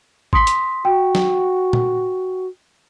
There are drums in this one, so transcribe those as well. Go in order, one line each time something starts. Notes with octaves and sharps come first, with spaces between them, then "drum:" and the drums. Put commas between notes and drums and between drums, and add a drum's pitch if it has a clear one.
C6 D#6 B6, drum: kick G#1
drum: hi-hat
F#4 G5
drum: snare
drum: tom